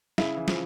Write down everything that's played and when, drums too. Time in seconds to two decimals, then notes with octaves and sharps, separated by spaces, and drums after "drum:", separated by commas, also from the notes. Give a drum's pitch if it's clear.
0.18 C#3 E4, drum: snare
0.37 E3
0.48 F3, drum: snare